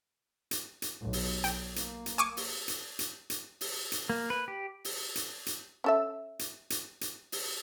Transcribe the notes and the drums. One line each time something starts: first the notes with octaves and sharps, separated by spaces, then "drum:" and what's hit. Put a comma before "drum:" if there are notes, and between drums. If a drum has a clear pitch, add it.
drum: hi-hat
drum: hi-hat
B1
drum: open hi-hat
G5, drum: hi-hat
A#3, drum: hi-hat
drum: hi-hat
G#5 C#6 D6
drum: open hi-hat
drum: hi-hat
drum: hi-hat
drum: hi-hat
drum: open hi-hat
drum: hi-hat
A#3
B4
G4
drum: open hi-hat
drum: hi-hat
drum: hi-hat
C#4 A4 E5
drum: hi-hat
drum: hi-hat
drum: hi-hat
drum: open hi-hat